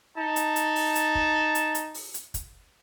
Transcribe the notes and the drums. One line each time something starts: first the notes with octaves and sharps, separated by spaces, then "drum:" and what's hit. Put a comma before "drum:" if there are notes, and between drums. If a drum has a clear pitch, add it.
D#4 A5
drum: hi-hat
drum: hi-hat
drum: open hi-hat
drum: hi-hat
drum: kick
drum: hi-hat
drum: hi-hat
drum: open hi-hat
drum: hi-hat
drum: kick, hi-hat